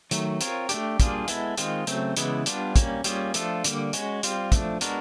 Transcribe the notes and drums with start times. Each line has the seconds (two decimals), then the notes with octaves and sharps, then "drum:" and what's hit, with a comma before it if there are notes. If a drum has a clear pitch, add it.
0.11 D#3 F#3 A3, drum: hi-hat
0.41 C4 F4 A#4 C#5, drum: hi-hat
0.69 A3 D4 G4, drum: hi-hat
1.00 G3 A#3 D4 F4 G#4, drum: kick, hi-hat
1.28 G#3 B3 E4 A4, drum: hi-hat
1.58 D#3 G#3 C4 F4, drum: hi-hat
1.87 C#3 F#3 A3 C4, drum: hi-hat
2.17 C#3 E3 G#3 B3 E4, drum: hi-hat
2.46 G3 B3 D4 F4, drum: hi-hat
2.76 G3 A#3 C#4, drum: kick, hi-hat
3.04 G3 A#3 C#4 F4 G#4, drum: hi-hat
3.34 F3 A3 D4 F4 A4, drum: hi-hat
3.64 D3 G3 A#3, drum: hi-hat
3.93 G#3 C#4 F#4, drum: hi-hat
4.23 G3 C4 F4, drum: hi-hat
4.52 F3 A3 D4, drum: kick, hi-hat
4.81 G#3 B3 D4 F#4 A#4, drum: hi-hat